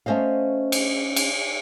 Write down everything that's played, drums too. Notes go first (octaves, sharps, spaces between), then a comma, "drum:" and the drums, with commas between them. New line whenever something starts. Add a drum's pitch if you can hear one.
A3 C#4 C5 D#5 F5
drum: cymbal
drum: cymbal